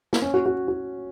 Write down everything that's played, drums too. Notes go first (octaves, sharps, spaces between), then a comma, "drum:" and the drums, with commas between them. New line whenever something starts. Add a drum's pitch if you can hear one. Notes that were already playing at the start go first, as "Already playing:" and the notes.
drum: snare
C#4
F#4
F#4
F#4